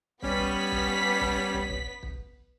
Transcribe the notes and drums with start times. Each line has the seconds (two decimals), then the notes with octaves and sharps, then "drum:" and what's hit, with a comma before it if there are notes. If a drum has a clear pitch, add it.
0.22 G3 B3 C#4 B6, drum: kick
0.39 drum: kick
0.72 drum: kick
1.21 drum: kick
1.54 drum: kick
1.70 drum: kick
2.03 drum: kick